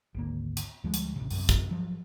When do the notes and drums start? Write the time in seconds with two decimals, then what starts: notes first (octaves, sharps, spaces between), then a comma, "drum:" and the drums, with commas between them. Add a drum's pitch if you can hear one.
0.15 G#1 D2 A#3
0.57 drum: hi-hat
0.84 D2 F3 G3 G#3
0.94 drum: hi-hat
1.16 A1 C3
1.30 B1 F#2 C3, drum: open hi-hat
1.49 drum: kick, hi-hat
1.71 F3 F#3